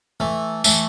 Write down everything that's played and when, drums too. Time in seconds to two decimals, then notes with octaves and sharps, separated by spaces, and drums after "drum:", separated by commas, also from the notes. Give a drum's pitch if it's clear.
0.20 E3 A3
0.64 E3 A3, drum: tambourine